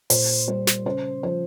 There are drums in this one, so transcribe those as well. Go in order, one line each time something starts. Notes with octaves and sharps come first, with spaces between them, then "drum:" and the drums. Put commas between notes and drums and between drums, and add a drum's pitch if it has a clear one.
A#2 C5, drum: open hi-hat
G3 C5
drum: snare
C#3 C5
F3 C5